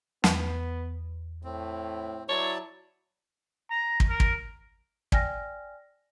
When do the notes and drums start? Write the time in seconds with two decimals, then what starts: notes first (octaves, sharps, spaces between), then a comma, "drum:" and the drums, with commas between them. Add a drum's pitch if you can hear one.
0.24 E2 B3, drum: snare
1.44 A2 C4
2.29 F#3 E4 C#5 D5 A5
3.70 A#5
4.00 drum: kick
4.09 A#4
4.20 drum: kick
5.12 D5 G5 G#5 F6 A#6, drum: kick